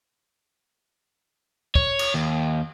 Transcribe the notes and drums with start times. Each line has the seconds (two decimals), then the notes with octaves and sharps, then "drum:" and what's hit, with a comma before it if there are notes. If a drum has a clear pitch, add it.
1.75 C#5, drum: kick
1.99 drum: cymbal
2.14 D#2